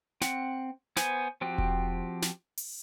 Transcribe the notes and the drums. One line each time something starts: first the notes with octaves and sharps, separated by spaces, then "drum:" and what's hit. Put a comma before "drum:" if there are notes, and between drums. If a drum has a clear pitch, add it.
C4 F#5, drum: snare
B3 C5 G#5, drum: snare
F3 C4 F#4 G4
drum: kick E1
drum: snare
drum: open hi-hat